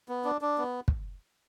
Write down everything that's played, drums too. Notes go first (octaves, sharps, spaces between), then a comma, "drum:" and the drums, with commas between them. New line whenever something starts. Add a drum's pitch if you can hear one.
B3
D4
D4
B3
drum: kick